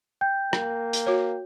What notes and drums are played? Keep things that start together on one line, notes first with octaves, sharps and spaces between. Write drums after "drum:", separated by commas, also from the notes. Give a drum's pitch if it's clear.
G5 G6
A#3, drum: rim click
drum: hi-hat
F#4 C#5